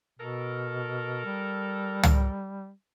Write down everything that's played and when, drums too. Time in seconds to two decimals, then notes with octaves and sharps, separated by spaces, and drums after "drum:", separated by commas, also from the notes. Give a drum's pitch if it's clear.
0.19 B2 A4 A#4
1.25 G3
2.03 drum: tom